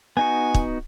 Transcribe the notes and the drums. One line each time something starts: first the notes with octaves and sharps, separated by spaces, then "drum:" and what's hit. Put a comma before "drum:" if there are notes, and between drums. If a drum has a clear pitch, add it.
B3 D#4 F#4 G#5
drum: kick